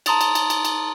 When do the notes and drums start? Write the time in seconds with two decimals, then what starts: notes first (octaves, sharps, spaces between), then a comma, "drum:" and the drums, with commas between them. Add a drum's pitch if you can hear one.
0.06 A5 A#5 C6 D#6 A6 F7, drum: cymbal
0.21 drum: cymbal
0.35 drum: cymbal
0.50 drum: cymbal
0.65 drum: cymbal